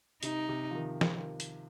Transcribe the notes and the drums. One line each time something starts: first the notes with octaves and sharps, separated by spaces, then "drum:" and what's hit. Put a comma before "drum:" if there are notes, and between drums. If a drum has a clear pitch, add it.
C3 D#4, drum: hi-hat
C3
F3
D#3
D#3, drum: snare F3
drum: hi-hat